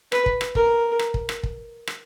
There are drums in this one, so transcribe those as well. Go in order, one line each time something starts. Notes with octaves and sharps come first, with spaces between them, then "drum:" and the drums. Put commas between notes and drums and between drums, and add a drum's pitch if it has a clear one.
B4, drum: rim click
drum: kick
drum: rim click
A#4, drum: kick
drum: rim click
drum: kick
drum: rim click
drum: kick
drum: rim click